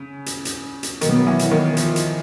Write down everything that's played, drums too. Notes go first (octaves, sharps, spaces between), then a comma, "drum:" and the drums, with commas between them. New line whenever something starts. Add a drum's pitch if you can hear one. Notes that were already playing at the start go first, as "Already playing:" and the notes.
Already playing: C#3
drum: hi-hat
drum: hi-hat
drum: hi-hat
B2 D#3 F#3 B3, drum: hi-hat
E3
drum: hi-hat
D#3
F3, drum: hi-hat
drum: hi-hat